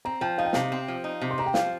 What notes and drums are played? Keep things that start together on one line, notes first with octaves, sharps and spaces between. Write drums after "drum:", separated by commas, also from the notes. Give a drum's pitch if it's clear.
C4 A#5
F3 G5
D#4 F5
G5
C3 F5, drum: snare
C4
F3
D#4
C3
C6
C4 A#5
G5
F3 F5, drum: snare